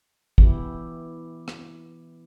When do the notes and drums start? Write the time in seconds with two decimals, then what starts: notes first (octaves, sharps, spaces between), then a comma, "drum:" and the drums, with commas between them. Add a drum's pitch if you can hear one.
0.38 E3 B3 E4 G4, drum: kick
1.48 drum: rim click